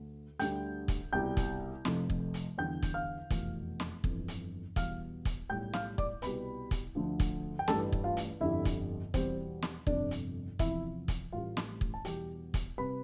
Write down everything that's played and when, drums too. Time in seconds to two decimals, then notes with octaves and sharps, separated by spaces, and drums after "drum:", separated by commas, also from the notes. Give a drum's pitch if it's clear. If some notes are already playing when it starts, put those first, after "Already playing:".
Already playing: D2
0.39 D2 D3 G3 G5 G6, drum: hi-hat
0.88 drum: kick, hi-hat
1.13 C2 B2 G3 G5 G6
1.37 drum: kick, hi-hat
1.85 F1 F2 C3 F3, drum: snare
2.10 drum: kick
2.34 drum: hi-hat
2.58 E2 D3 G3 G5 G6
2.82 drum: kick, hi-hat
2.94 F5 F6
3.30 F1 E2 B2, drum: kick, hi-hat
3.80 drum: snare
4.04 G1 F2 E3, drum: kick
4.28 drum: hi-hat
4.76 E2 B2 G3 F5 F6, drum: kick, hi-hat
5.25 drum: kick, hi-hat
5.49 B1 A2 G3 G5 G6
5.73 F5 F6, drum: snare
5.98 D5 D6, drum: kick
6.22 C2 B2 G3 B4 B5, drum: hi-hat
6.71 drum: kick, hi-hat
6.95 D2 D3 F3
7.20 drum: kick, hi-hat
7.59 G5
7.68 A1 G2 E3 G3 A4 A5, drum: snare
7.92 drum: kick
8.04 F4 F5
8.17 drum: hi-hat
8.41 G1 F2 D3 G3 E4 E5
8.65 drum: kick, hi-hat
9.14 E2 B2 G3 C4 C5, drum: kick, hi-hat
9.62 drum: snare
9.87 G1 F2 C3 D4 D5, drum: kick
10.11 drum: hi-hat
10.59 E2 C3 F3 E4 E5, drum: kick, hi-hat
11.08 drum: kick, hi-hat
11.33 A1 A2 E3 G3 F4 F5
11.57 drum: snare
11.81 drum: kick
11.94 A5
12.05 E2 B2 G3 G4 G5, drum: hi-hat
12.54 drum: kick, hi-hat
12.78 C3 G3 B4 B5